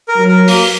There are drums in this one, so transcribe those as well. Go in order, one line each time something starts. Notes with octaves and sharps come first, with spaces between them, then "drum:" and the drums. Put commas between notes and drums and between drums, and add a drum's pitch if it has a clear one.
A#4
F#3
A#4
A#3, drum: open hi-hat